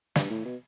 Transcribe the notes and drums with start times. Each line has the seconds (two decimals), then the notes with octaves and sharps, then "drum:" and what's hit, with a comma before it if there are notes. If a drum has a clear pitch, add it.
0.16 G2, drum: snare
0.31 A2
0.45 B2